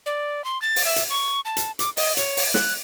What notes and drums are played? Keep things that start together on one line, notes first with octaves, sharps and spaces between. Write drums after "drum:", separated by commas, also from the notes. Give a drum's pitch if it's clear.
D5
C6
A6
drum: open hi-hat
E5
drum: hi-hat
C#6
A5
drum: hi-hat
D6, drum: hi-hat
D#5, drum: open hi-hat
C#5, drum: hi-hat
drum: open hi-hat
F#6, drum: snare